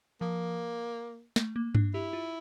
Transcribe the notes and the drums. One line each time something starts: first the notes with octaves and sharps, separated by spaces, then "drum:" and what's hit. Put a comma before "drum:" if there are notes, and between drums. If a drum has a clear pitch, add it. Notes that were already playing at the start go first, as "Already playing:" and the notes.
F3 A#3
A3, drum: snare
A#3
D4, drum: tom G2
E4 G4
F4